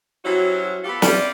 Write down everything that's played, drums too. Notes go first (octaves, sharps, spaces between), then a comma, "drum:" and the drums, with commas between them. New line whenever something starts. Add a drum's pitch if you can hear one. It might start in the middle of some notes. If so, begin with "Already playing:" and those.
F#3 G3 C4 C#4 E4 F#4
B3 F4 G4 A4
G3 C#4 E4 F4 D5, drum: snare